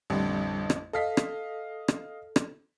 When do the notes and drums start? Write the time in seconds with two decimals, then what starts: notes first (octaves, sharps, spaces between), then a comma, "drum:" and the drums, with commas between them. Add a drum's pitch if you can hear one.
0.10 A1 F2 D3 G3
0.70 drum: rim click
0.93 A4 D#5 F5 B6
1.17 drum: rim click
1.88 drum: rim click
2.36 drum: rim click